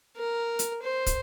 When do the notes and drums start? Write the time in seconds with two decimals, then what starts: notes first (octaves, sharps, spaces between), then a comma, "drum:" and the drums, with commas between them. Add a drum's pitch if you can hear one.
0.17 A#4
0.59 drum: hi-hat
0.83 C5
1.06 drum: kick, hi-hat